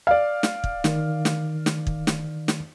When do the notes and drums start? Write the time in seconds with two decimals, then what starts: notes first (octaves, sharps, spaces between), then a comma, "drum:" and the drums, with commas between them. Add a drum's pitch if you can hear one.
0.07 D5 F5
0.43 drum: snare
0.64 drum: kick
0.84 D#3, drum: snare
1.25 drum: snare
1.66 drum: snare
1.87 drum: kick
2.07 drum: snare
2.48 drum: snare